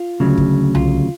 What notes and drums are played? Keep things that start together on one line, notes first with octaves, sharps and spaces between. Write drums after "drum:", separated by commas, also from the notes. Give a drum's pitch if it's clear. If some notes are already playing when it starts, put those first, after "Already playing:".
Already playing: F4
D2 C#3 F#3
drum: kick
F4, drum: tom C2